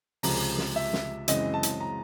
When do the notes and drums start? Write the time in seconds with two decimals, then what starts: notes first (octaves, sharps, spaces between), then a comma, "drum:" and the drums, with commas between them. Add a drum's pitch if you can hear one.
0.23 C#2 C3 F3 G#3 A#5, drum: open hi-hat
0.58 drum: snare
0.76 E5
0.93 drum: snare
1.28 F#2 C#3 E3 G#3 C4 D#5, drum: hi-hat
1.54 A5
1.63 drum: hi-hat
1.81 A#5